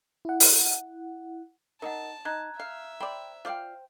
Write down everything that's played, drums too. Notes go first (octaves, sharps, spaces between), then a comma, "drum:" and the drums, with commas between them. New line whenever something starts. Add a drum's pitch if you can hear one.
E4 F#5
drum: open hi-hat
D#4 A#4 D#5 F#5 A5
D#4 A#5 F#6 G#6
E5 F5
C5 D5 G5 B5
F4 C5 D5 F5 G5